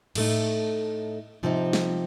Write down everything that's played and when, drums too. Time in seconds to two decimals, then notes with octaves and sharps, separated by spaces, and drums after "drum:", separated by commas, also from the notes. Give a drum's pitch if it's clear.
0.15 A2 A3 D#4, drum: cymbal
1.43 C3 F3 C4 D#4
1.73 drum: snare